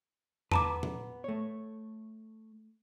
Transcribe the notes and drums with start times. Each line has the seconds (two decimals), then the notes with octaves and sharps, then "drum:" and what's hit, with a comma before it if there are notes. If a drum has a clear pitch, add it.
0.52 B3 B4 A5 A#5 D6, drum: tom E2
0.83 drum: tom A#2
1.24 A3 C#5